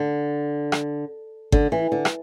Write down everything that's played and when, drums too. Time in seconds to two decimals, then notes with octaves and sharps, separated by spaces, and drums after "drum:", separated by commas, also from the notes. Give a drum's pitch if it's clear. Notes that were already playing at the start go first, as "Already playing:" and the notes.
Already playing: D3
0.72 drum: rim click
1.52 D3, drum: kick G1
1.72 E3
1.92 D3
2.05 drum: rim click